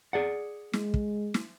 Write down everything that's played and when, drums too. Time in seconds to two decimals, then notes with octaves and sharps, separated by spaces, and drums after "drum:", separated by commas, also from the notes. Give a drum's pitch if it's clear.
0.13 G#4 D5 F#5
0.73 G#3, drum: snare
0.94 drum: kick
1.34 drum: snare